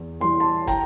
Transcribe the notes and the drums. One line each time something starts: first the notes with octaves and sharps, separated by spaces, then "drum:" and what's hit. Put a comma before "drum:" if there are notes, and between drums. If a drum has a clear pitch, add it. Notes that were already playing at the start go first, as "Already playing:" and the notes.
Already playing: E2
E3 G3 C6
A5 C6
G5 A#5, drum: kick, hi-hat